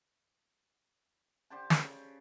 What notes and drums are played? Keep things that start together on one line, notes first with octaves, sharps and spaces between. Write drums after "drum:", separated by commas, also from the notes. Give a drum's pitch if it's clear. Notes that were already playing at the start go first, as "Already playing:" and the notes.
D3 G4 C5 A5
C#3, drum: snare